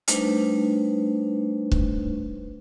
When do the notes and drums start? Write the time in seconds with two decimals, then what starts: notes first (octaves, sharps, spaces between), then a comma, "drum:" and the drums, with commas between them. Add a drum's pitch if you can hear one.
0.08 G3 A3 D4 D#4 B4 C5, drum: hi-hat
1.72 drum: kick C#1